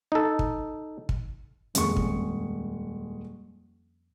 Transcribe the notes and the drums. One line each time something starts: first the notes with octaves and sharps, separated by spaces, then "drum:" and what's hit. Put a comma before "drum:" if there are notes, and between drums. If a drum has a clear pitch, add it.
D#4 A4
drum: kick
drum: kick
D#1 F2 G#3 C4 C#4 C#6, drum: hi-hat
drum: kick